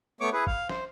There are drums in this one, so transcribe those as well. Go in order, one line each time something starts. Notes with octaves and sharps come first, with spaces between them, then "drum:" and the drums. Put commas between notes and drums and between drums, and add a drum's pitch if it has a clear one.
A3 B3 C#5 C#6 D6
E4 G#4 B4
F5, drum: kick
C5, drum: snare